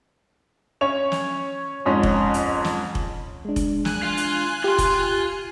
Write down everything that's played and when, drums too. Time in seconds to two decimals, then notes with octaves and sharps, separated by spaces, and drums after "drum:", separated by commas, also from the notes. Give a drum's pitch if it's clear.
0.81 C#4 C#5 F7
1.12 drum: snare
1.86 F2 G#2 C#4
2.03 drum: kick F1
2.34 drum: hi-hat
2.64 drum: snare
2.95 drum: kick F1
3.45 G#3 D4
3.56 drum: kick F1, hi-hat
3.85 G#5 F#6, drum: snare
4.03 F4
4.17 drum: hi-hat
4.64 F4 G4 C6
4.78 drum: kick F1, hi-hat